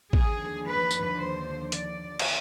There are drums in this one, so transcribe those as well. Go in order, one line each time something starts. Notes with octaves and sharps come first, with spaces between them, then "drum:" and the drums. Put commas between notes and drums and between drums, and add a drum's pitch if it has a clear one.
D#2 D3 F3 G#4, drum: kick
B4
drum: tambourine
C5
D5, drum: hi-hat
drum: cymbal